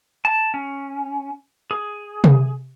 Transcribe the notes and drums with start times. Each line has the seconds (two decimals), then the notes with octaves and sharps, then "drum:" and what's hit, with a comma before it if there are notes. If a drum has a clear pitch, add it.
0.25 A5
0.54 C#4
1.71 G#4
2.24 drum: tom C3